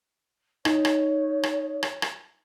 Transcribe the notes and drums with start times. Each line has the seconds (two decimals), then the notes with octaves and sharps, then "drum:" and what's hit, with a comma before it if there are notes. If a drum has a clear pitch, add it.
0.65 D#4 C#5, drum: rim click
0.85 drum: rim click
1.43 drum: rim click
1.83 drum: rim click
2.02 drum: rim click